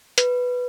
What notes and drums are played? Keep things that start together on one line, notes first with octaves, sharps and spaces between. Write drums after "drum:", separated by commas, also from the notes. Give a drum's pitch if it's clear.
B4, drum: hi-hat